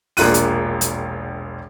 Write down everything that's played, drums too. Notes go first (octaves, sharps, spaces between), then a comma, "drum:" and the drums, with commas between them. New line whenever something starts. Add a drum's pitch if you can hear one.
E1 A#1 A#3 F4 F#6 D#7, drum: open hi-hat
drum: hi-hat
drum: hi-hat